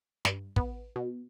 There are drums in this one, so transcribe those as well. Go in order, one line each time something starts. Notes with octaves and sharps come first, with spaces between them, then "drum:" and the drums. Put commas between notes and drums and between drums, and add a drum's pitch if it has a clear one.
G2, drum: snare
B3, drum: kick
B2